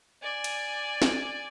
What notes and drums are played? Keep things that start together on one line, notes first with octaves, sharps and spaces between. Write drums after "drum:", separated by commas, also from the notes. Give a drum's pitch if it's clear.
D5 G#5
drum: cymbal
drum: snare